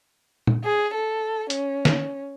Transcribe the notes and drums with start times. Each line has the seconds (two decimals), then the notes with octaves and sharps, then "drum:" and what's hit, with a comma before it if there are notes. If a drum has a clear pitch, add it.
0.47 drum: tom
0.64 G#4
0.95 A4
1.50 C#4, drum: hi-hat
1.85 drum: snare